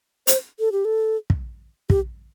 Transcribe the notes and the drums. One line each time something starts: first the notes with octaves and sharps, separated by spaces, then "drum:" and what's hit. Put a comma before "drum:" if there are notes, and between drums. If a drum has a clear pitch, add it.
C5, drum: hi-hat
A4
G4
A4
drum: kick
G4, drum: kick